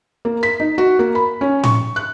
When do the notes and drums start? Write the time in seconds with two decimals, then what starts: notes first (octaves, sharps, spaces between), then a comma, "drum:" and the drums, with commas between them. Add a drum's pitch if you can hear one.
0.25 A#3
0.43 B6
0.60 D#4
0.78 F#4
0.99 A#3
1.15 B5
1.41 C#4
1.64 C#6, drum: tom A2
1.96 F#6